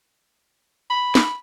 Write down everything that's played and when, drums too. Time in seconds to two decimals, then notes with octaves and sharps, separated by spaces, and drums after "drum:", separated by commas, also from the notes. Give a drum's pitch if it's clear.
0.90 B5
1.15 drum: snare